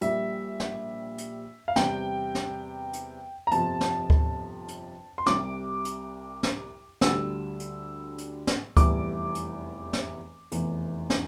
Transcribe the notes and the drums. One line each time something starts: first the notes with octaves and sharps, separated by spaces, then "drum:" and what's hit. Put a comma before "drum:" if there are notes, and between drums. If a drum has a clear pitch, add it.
A#1 A#2 G3 E5, drum: hi-hat
drum: snare
drum: hi-hat
F5
E2 C3 G3 G5, drum: snare
drum: snare
drum: hi-hat
A#5
G1 F2 C3 F3 A5, drum: hi-hat
drum: snare
drum: kick D2
drum: hi-hat
C6
C2 C3 G3 D6, drum: snare
drum: hi-hat
drum: snare
D2 D3 G3 E6, drum: snare
drum: hi-hat
drum: hi-hat
drum: snare
F1 E2 E3 G3 D6, drum: kick D2, hi-hat
drum: hi-hat
drum: snare
F1 E2 E3, drum: hi-hat
drum: snare